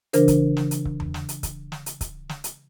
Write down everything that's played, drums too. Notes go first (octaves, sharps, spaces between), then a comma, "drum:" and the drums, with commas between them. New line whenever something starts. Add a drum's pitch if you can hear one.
C#3 E3 D4 A#4 C5, drum: hi-hat
drum: kick C#1, hi-hat
drum: snare
drum: hi-hat
drum: kick C#1
drum: tom E2
drum: snare
drum: hi-hat
drum: kick C#1, hi-hat
drum: snare
drum: hi-hat
drum: kick C#1, hi-hat
drum: snare
drum: hi-hat